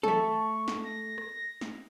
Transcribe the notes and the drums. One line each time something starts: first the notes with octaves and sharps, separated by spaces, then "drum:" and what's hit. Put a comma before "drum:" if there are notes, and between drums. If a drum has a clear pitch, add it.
A3 A4 C#6, drum: tom
drum: snare
A#6
drum: rim click
drum: snare